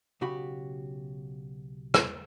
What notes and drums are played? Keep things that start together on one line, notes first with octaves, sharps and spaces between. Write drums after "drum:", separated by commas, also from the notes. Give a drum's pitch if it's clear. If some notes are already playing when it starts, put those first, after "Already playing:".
B1 C#3 F#4 G4 B5
drum: rim click